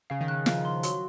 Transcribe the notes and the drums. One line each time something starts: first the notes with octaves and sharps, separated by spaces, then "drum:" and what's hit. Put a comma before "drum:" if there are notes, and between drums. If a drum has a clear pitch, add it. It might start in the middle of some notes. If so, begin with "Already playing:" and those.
C#3 F5
D#3
C#3 F#6
F3 F5, drum: snare
C6
F#3 C6, drum: hi-hat